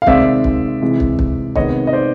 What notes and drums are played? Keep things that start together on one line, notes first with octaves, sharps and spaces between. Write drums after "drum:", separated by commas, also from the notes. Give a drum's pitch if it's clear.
F5
C3 D#3 G#3 C4 D5 E5, drum: kick
drum: kick
C3 E3 G#3
drum: kick
drum: kick
C3 D#3 G#3 B3 C#5 D#5, drum: kick
D#5
C5 D5